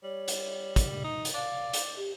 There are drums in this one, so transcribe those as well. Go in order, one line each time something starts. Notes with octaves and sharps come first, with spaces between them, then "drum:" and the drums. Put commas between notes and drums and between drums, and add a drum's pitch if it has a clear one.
G3 C#5
drum: hi-hat
drum: kick, hi-hat
D#4
drum: hi-hat
D5 F5
drum: hi-hat
G4